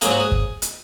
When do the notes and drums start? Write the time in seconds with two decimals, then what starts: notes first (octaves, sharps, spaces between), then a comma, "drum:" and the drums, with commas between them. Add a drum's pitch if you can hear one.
0.01 G#2 F#3 A#3 G#4, drum: hi-hat
0.11 F#4
0.20 G#4
0.32 drum: kick
0.62 drum: hi-hat